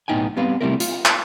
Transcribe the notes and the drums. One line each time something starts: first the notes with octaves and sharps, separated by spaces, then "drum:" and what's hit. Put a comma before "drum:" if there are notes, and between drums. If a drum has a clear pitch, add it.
B1 A2 B3 D#4 G5 G#5
G3 B3 C4 B4 F5
C3 G3 A3 C4 E4 A#4
F4, drum: hi-hat
drum: clap